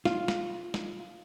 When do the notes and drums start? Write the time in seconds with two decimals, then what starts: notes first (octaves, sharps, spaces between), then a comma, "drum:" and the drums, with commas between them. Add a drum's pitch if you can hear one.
0.05 F4, drum: snare
0.28 drum: snare
0.74 drum: snare